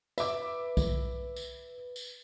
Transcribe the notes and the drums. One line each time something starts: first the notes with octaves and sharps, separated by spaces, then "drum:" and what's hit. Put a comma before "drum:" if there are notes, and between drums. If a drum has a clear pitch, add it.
B4 E5 D6, drum: tambourine
drum: kick B1, tambourine
drum: tambourine
drum: tambourine